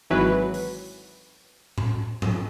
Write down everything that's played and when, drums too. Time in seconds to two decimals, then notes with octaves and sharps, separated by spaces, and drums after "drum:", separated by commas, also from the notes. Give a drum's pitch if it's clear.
0.10 G#1 E3 F#3 B4
0.54 drum: open hi-hat
1.78 drum: tom A2
2.22 drum: tom G#2